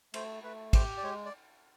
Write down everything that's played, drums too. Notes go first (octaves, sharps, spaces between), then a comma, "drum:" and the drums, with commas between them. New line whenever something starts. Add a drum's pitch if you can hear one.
A3 C5, drum: cymbal
A3 B4
G4 C5, drum: kick, cymbal
D5
G#3 C#5
D5